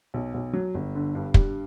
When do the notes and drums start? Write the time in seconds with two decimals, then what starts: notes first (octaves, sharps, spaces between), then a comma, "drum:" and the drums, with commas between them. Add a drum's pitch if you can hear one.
0.14 B1
0.34 B1
0.53 F#3
0.74 G1
0.95 D3
1.15 G2
1.34 G3, drum: kick